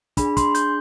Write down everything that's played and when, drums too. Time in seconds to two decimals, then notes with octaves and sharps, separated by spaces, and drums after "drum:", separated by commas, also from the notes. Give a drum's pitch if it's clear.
0.17 D4 G#4 B5, drum: kick, hi-hat
0.37 C6, drum: kick, hi-hat
0.55 G6, drum: hi-hat